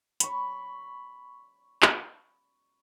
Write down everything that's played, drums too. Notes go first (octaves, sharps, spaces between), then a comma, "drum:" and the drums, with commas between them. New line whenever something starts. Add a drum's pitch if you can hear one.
B5 C#6, drum: hi-hat
drum: clap